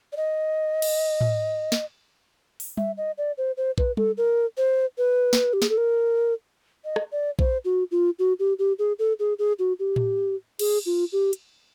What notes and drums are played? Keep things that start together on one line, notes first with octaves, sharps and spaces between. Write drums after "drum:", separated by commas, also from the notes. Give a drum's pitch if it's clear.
D5
D#5
drum: cymbal
drum: tom A2
drum: snare
drum: open hi-hat
E5, drum: tom G3
D#5
D5
C5
C5
B4, drum: kick A#1
A4, drum: tom G3
A#4
C5
B4
drum: snare
G4
G#4, drum: snare
A4
A#4
D#5
drum: rim click
D5
C5, drum: kick A#1
F#4
F4
F#4
G4
G4
G#4
A4
G#4
G#4
F#4
G4
drum: tom A2
G#4, drum: cymbal
F4
G4
drum: hi-hat